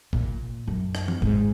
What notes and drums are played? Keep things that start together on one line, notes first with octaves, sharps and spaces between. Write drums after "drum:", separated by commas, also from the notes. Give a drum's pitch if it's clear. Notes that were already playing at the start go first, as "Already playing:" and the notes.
A#2, drum: kick G1
F#2
drum: rim click
drum: tom
G#2, drum: kick G1